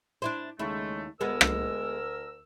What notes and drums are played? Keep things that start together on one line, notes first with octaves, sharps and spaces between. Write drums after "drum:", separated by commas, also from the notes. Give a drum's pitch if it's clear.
D4 E4 C5
D#2 C#3 G#3 A3 E4
D2 G#3 B3 A#4 E6
drum: rim click